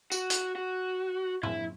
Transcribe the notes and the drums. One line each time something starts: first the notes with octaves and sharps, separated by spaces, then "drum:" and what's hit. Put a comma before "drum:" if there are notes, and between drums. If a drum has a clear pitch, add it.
F#4, drum: tambourine
drum: hi-hat
F#4
E4, drum: tom A2